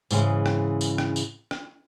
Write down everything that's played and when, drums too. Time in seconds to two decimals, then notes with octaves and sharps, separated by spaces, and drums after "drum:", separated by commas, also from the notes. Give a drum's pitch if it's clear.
0.11 G#2 C#3 E3 G#3, drum: tambourine
0.46 drum: rim click
0.81 drum: tambourine
0.98 drum: rim click
1.16 drum: tambourine
1.51 drum: rim click